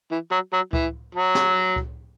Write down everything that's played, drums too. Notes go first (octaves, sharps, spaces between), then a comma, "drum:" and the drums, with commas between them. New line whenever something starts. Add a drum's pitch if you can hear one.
E3
F#3
F#3
E3, drum: kick C#2
F#3
drum: snare
drum: kick C#2